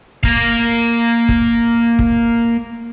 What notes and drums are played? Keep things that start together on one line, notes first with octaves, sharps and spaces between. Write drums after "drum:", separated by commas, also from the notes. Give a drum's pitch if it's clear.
A#3 F5, drum: kick
drum: kick
drum: kick